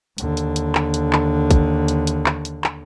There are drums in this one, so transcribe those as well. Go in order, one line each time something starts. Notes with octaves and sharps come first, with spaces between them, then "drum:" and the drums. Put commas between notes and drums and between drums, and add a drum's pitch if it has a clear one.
D#2 D3, drum: hi-hat
drum: hi-hat
drum: hi-hat
drum: clap
drum: hi-hat
drum: clap
drum: kick A1, hi-hat
drum: hi-hat
drum: hi-hat
drum: clap
drum: hi-hat
drum: clap